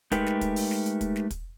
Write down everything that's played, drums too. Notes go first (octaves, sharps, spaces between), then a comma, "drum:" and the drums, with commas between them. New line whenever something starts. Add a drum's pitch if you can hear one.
G#3 A3 D#4 G4 A#4 B4, drum: kick, hi-hat
drum: snare
drum: kick, hi-hat
drum: open hi-hat
drum: snare
drum: hi-hat
drum: kick, hi-hat
drum: snare
drum: kick, hi-hat